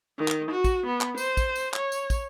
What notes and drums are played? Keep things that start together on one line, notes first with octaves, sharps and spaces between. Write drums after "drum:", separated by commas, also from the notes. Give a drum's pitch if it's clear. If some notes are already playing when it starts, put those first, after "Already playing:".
D#3
drum: clap
F#4
drum: kick, tambourine
B3
drum: clap
C5, drum: tambourine
drum: kick, tambourine
drum: tambourine
C#5, drum: clap
drum: tambourine
drum: kick, tambourine